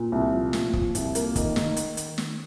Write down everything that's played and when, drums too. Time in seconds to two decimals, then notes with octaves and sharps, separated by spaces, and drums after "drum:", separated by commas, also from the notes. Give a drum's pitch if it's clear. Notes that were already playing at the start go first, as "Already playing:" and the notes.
Already playing: A#2
0.12 C2
0.32 F3
0.53 A#2, drum: snare
0.73 F3, drum: kick
0.95 C2, drum: hi-hat
1.15 A#3, drum: hi-hat
1.36 D#3, drum: kick, hi-hat
1.56 D#3, drum: snare
1.77 drum: hi-hat
1.97 drum: hi-hat
2.18 drum: snare